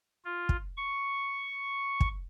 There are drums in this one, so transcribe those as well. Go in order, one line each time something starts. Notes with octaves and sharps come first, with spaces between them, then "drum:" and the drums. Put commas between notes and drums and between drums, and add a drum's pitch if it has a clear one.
F4
drum: kick
C#6
drum: kick